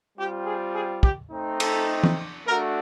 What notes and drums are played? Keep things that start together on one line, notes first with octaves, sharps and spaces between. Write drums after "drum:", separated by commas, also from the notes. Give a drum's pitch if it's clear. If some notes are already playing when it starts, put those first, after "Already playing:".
G3 C4 F4 G4
G#4
G#4
G4, drum: kick
A3 C4 D#4
A4, drum: cymbal
drum: tom E3
A3 D4 F#4 A#4